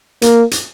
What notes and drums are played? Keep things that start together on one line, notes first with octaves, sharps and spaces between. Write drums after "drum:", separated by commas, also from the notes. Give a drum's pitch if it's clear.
A#3, drum: hi-hat
drum: hi-hat